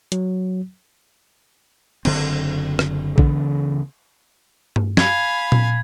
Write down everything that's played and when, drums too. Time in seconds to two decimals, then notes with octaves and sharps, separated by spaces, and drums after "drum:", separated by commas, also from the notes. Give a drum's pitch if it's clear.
0.12 F#3, drum: hi-hat
2.05 F#1 D3 C4, drum: cymbal
2.79 drum: rim click
3.18 D2 C#3 E3 B3, drum: kick
4.76 drum: tom G2
4.97 F5 G#5 B5 G#6, drum: snare
5.52 drum: tom A#2